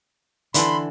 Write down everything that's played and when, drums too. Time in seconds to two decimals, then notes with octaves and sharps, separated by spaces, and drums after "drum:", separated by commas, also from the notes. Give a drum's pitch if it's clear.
0.54 D3 E3 A4 B5 C6, drum: hi-hat